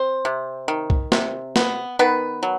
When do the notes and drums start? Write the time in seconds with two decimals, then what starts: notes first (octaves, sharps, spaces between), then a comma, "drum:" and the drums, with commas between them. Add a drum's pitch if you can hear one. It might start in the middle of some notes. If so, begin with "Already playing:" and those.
Already playing: C4 C5
0.25 C3
0.68 D#3
0.90 drum: kick C2
1.12 C3, drum: snare
1.56 B3, drum: snare
1.99 D#3 B3 B4
2.43 F#3